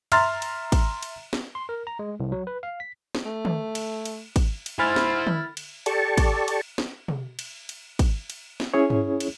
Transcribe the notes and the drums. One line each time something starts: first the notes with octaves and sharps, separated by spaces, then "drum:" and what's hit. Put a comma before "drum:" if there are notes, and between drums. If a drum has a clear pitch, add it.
E5 A#5 C6 F6 A6, drum: cymbal
drum: cymbal
drum: kick, cymbal
drum: cymbal
drum: snare
C6
A#4
A#5
G#3
C2
F#3
B4
F5
B6
drum: snare
A3
drum: tom
drum: cymbal
drum: cymbal
drum: kick, cymbal
drum: cymbal
E4 C5 G#5 B5 F6 A6
drum: snare
drum: tom
drum: cymbal
G4 A4 D5 A5 C#6, drum: cymbal
drum: kick, cymbal
drum: cymbal
drum: snare
drum: tom
drum: cymbal
drum: cymbal
drum: kick, cymbal
drum: cymbal
drum: snare
C#4 E4 G#4 C#5
drum: tom G2
drum: cymbal